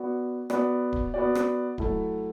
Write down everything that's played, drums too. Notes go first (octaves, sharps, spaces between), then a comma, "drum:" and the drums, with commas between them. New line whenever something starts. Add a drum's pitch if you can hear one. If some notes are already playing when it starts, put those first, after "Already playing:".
Already playing: B3 F#4 D5
B3 F#4 D5, drum: rim click
drum: kick D1
B3 F#4 D5
drum: rim click
F#3 A3 E4, drum: kick D1